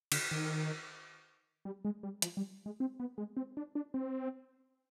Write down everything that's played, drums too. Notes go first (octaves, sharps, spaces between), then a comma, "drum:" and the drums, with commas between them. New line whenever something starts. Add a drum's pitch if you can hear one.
D3, drum: cymbal
D#3
G3
G#3
G3
F3, drum: hi-hat
G3
G#3
C4
B3
G#3
C4
D4
D4
C4